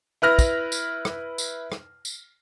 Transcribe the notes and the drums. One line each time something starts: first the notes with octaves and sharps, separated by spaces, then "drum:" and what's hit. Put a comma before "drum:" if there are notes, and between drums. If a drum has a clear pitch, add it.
E4 B4 F6 A#6
drum: kick, tambourine
drum: tambourine
drum: rim click
drum: tambourine
drum: rim click
drum: tambourine